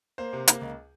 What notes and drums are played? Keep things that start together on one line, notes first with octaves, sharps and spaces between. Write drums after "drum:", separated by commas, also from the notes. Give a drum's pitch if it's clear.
A#3 C5
C3
A#3, drum: hi-hat
C#2